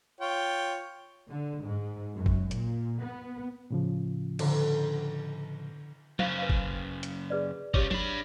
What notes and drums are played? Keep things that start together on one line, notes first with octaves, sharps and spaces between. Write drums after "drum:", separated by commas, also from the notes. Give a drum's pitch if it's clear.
F4 C#5 G5
D3
G#2
F#2
drum: kick G1
A#2, drum: hi-hat
B3
A2 C#3 F3
D3 C6, drum: cymbal
F#2 C#3 C5 F5, drum: tom F#3
B4 F5
drum: kick G1
drum: hi-hat
G#4 B4 D5
C#4 F4 G4 C#5 D6, drum: kick G1
D4 B5, drum: tom F#3